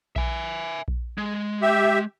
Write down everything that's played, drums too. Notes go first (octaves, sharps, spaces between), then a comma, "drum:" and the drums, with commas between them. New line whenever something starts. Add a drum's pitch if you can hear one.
E5 G#5, drum: kick A#1
drum: kick A#1
G#3
G4 E5